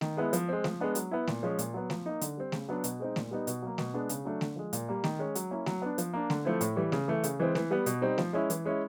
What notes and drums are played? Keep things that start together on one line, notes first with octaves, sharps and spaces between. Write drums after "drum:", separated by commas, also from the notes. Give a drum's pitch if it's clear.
D#3, drum: snare A3
G#3 B3 E4
F3, drum: hi-hat
G#3 C4
F3, drum: snare A3
G#3 B3 D4
F#3, drum: hi-hat
B3 E4
A#2, drum: snare A3
F3 G#3 C#4
A#2, drum: hi-hat
F#3 B3
F3, drum: snare A3
A#3 D#4
D3, drum: hi-hat
G3 C4
C#3, drum: snare A3
F#3 B3 D4
B2, drum: hi-hat
G#3 C4 D#4
A#2, drum: snare A3
G3 B3 D#4
B2, drum: hi-hat
F#3 A#3
B2, drum: snare A3
G#3 B3 D4
C#3, drum: hi-hat
F#3 A3 D4
D3, drum: snare A3
F3 G#3
A#2, drum: hi-hat
G3 A#3
D#3, drum: snare A3
G#3 C#4
F#3, drum: hi-hat
A#3 C#4 E4
F#3, drum: snare A3
B3 D4
F3, drum: hi-hat
A#3 D4
D3, drum: snare A3
F3 A3 C4 E4
A2, drum: hi-hat
E3 G3
C#3, drum: snare A3
E3 A3
C#3, drum: hi-hat
E3 G#3 C4
E3, drum: snare A3
G3 B3
B2, drum: hi-hat
G3 C4 D#4
F3, drum: snare A3
G#3 C#4 E4
E3, drum: hi-hat
G#3 C#4 E4